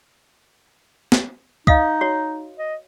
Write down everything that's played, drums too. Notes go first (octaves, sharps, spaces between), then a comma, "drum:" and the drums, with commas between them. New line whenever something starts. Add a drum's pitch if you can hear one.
drum: snare
D#4 D#5 F5 D#6, drum: kick C#2
F#4 C#5
D#5